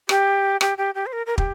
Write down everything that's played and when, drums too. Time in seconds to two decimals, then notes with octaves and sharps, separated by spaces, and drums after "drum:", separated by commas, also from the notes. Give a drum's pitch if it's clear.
0.09 G4, drum: rim click
0.61 G4, drum: rim click
0.78 G4
0.95 G4
1.06 C5
1.13 A#4
1.26 A#4
1.38 G4, drum: kick